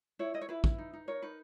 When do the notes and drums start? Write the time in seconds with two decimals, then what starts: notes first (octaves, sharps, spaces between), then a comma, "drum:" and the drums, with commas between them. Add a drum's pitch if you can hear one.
0.19 E4 C#5
0.34 E4 D#5
0.41 C#5
0.49 E4 B4
0.64 E4, drum: kick
0.78 D#4
0.93 D#4
1.08 A#4 C#5
1.22 D#4 B4